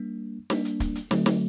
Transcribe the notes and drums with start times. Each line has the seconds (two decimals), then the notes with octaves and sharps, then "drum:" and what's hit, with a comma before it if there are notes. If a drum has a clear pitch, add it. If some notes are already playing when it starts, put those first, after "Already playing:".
Already playing: G3 A#3 D4
0.50 G3 A#3 D4, drum: snare
0.65 drum: hi-hat
0.80 drum: kick, hi-hat
0.95 drum: hi-hat
1.11 D3 F#3 A3 C4, drum: snare
1.26 drum: snare